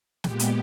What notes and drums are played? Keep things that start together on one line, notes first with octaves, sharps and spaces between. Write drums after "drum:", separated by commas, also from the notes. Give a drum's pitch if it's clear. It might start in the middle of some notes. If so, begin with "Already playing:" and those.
A#2 G#3 B3 G4, drum: snare
drum: hi-hat